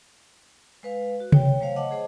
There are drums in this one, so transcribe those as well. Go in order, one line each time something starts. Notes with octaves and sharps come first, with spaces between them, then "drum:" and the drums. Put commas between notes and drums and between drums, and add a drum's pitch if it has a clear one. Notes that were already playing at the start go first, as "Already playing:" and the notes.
G#3 B4 F5
F#4
C#5 G5, drum: tom C3
F#3 A3 C5 C#5 F5
D#5 F#5 A5 D6
G#4 C5 D#5 A5